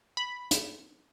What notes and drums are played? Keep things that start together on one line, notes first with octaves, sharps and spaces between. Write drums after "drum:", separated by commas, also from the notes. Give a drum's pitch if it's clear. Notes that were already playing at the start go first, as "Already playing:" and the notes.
B5
drum: hi-hat